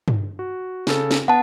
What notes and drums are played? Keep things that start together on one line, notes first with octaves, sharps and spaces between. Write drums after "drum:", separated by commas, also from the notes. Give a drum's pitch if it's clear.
drum: tom G2
F#4
C#3 A4, drum: snare
drum: snare
B3 F#5 A5